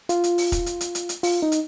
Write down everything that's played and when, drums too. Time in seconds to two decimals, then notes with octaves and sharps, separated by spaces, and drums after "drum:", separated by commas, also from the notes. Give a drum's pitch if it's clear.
0.09 F4, drum: hi-hat
0.24 drum: hi-hat
0.38 drum: open hi-hat
0.52 drum: kick, hi-hat
0.66 drum: hi-hat
0.81 drum: hi-hat
0.95 drum: hi-hat
1.09 drum: hi-hat
1.23 F4, drum: open hi-hat
1.42 D#4
1.52 drum: hi-hat